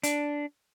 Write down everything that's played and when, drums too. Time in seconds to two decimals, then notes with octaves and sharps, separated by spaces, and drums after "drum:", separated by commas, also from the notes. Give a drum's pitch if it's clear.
0.03 D4, drum: hi-hat